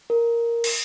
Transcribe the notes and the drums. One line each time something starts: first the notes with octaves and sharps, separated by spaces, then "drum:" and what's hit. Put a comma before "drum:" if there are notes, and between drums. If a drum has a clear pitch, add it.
A#4
drum: cymbal